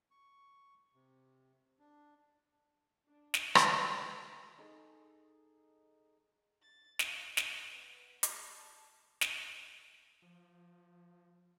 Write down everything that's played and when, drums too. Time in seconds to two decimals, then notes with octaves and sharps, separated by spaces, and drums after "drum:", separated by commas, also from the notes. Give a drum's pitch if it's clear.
0.11 C#6
0.94 C3
1.79 D4
3.06 D4
3.34 drum: snare
3.55 D5, drum: rim click
3.86 G#3
4.58 D#4 G#4 A4
6.62 A6
6.99 F5, drum: snare
7.37 D#6, drum: snare
7.70 B3
8.23 D5, drum: hi-hat
8.52 A5
9.21 drum: snare
10.22 F3